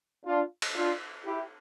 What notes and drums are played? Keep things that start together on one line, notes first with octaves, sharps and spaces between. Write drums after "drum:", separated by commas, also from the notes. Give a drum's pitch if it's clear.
D4 F4
drum: cymbal
D4 F4
E4 G4